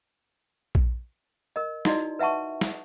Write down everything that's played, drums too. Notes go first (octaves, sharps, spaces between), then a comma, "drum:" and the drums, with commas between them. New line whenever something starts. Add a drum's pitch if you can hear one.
drum: kick A#1
A#4 D#5
D#4 E4 F#4 D5 D#5 C6, drum: snare
B4 E5 F#5 A5 C#6
drum: snare